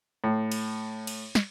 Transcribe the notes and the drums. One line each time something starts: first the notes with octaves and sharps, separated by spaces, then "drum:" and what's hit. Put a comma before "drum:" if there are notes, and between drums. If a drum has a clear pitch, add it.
A2
drum: cymbal
drum: cymbal
drum: snare